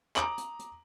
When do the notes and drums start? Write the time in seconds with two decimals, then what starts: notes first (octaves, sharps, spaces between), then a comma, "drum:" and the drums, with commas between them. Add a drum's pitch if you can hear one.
0.16 A#5 D6 D#6 D7 F#7, drum: clap
0.38 drum: hi-hat
0.59 drum: hi-hat